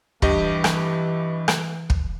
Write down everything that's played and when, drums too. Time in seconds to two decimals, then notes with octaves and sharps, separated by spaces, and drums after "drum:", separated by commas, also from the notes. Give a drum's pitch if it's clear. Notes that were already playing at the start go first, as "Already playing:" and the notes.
0.22 G2 E3 G4 D#5, drum: kick
0.64 drum: rim click
1.48 drum: rim click
1.90 drum: kick